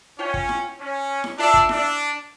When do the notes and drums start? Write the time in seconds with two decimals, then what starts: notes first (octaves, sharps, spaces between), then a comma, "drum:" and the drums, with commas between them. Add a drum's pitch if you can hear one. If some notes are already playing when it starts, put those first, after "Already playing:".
0.19 C#4 F4 C#5 G5
0.34 drum: kick
0.49 drum: snare E4
0.79 C#4
1.24 drum: snare E4
1.38 D4 F4 A4 E5
1.54 drum: kick
1.69 D4, drum: snare E4